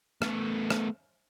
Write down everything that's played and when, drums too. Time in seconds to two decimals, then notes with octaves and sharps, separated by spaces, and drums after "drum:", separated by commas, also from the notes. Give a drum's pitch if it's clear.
0.22 A3 B3, drum: rim click
0.70 drum: rim click